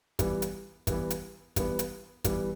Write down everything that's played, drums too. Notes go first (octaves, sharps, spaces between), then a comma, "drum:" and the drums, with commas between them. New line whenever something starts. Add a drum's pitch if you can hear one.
E3 G3 B3, drum: kick, hi-hat
drum: hi-hat
E3 G3 B3, drum: kick, hi-hat
drum: hi-hat
E3 G3 B3, drum: kick, hi-hat
drum: hi-hat
E3 G3 B3, drum: kick, hi-hat